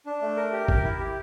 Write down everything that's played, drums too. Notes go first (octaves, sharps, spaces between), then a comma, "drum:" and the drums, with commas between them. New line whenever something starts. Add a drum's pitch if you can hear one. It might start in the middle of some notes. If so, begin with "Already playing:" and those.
D4
A3
A#4
G4
A#4, drum: kick A1
E4
G4